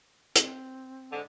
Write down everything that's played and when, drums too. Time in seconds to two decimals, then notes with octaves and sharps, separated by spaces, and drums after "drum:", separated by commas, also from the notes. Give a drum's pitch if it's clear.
0.36 C4, drum: hi-hat
1.12 G#2 D3